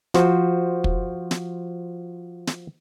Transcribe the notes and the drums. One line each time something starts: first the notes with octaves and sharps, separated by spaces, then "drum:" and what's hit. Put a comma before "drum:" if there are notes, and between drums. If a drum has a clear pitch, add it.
F3 F#4 C5, drum: snare
drum: kick
drum: snare
drum: snare